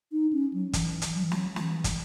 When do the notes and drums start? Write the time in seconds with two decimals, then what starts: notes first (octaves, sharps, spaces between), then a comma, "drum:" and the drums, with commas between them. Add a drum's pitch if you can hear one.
0.12 D#4
0.33 C#4
0.53 F#3
0.73 E3, drum: kick, hi-hat
1.02 drum: hi-hat
1.15 F#3
1.23 E3
1.32 F#3, drum: snare
1.56 E3, drum: snare
1.84 drum: kick, hi-hat